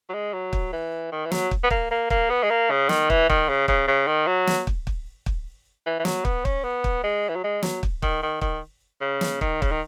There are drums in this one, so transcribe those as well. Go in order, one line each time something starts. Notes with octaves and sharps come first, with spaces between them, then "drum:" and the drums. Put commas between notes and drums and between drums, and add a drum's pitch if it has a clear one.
F#3
G#3
F#3
drum: kick
E3
D#3
E3
F#3, drum: snare
drum: kick
B3
A#3, drum: kick
A#3
A#3, drum: kick
B3
G#3
A#3
C#3
D#3, drum: snare
E3, drum: kick
D#3, drum: kick
C#3
C#3, drum: kick
C#3
D#3
F#3
drum: snare
drum: kick
drum: kick
drum: kick
E3
E3
F#3, drum: snare
B3, drum: kick
C#4, drum: kick
B3
drum: kick
G#3
E3
F#3
G#3
F#3, drum: snare
drum: kick
D#3, drum: kick
D#3
D#3, drum: kick
C#3
drum: snare
D#3, drum: kick
C#3, drum: kick
D#3